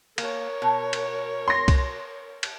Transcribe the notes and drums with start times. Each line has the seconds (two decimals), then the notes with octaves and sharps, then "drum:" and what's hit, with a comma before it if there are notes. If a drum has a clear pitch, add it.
0.18 A#3 A#4 C#5, drum: cymbal
0.62 B2
0.93 drum: cymbal
1.48 C6 A#6
1.68 drum: kick C2, cymbal
2.43 drum: cymbal